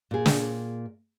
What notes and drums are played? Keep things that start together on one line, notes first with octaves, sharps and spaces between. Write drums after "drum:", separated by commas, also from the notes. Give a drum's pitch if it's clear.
A#2 G#4
drum: snare